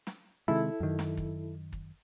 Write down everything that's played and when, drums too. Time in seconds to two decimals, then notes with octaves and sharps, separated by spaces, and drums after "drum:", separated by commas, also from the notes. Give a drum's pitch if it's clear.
0.07 drum: snare
0.48 C3 D#3 G#3 E4 A4
0.80 F#2 D#3
0.99 drum: snare
1.17 drum: kick
1.72 drum: kick